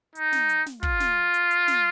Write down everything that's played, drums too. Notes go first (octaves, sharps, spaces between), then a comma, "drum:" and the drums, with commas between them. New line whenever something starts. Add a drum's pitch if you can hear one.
D#4, drum: hi-hat
drum: snare
drum: hi-hat
drum: snare
F4, drum: kick
drum: snare
drum: hi-hat
drum: hi-hat
drum: snare